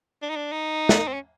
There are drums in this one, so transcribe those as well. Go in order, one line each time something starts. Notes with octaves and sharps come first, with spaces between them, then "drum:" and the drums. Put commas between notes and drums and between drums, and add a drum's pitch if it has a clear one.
D4
D#4
D4
D#4
drum: snare
C4
C#4